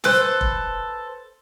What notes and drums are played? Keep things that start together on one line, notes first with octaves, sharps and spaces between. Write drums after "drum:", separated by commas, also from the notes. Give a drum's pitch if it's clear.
A4 B4 C5, drum: snare
drum: kick